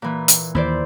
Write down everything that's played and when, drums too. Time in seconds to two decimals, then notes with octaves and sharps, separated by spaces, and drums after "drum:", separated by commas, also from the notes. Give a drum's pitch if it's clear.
0.02 A#2 E3
0.28 drum: hi-hat
0.55 D#2 E3 E4 C5 D5